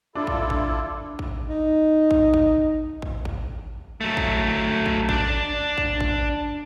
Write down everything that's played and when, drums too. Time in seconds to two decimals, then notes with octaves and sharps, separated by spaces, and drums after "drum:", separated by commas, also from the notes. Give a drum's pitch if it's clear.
0.15 D4 E4 F4 A4
0.27 drum: kick
0.50 drum: kick
1.19 drum: kick
1.48 D#4
2.11 drum: kick
2.34 drum: kick
3.02 drum: kick
3.25 drum: kick
4.01 F#3 A3
4.17 drum: kick
4.86 drum: kick
5.09 D4 D5, drum: kick
5.78 drum: kick
6.01 drum: kick